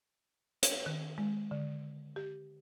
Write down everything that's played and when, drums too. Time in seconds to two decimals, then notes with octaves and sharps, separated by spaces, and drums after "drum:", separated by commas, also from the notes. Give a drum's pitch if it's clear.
0.63 C#5, drum: hi-hat
0.86 D#3
1.18 G#3
1.51 D3
2.16 G4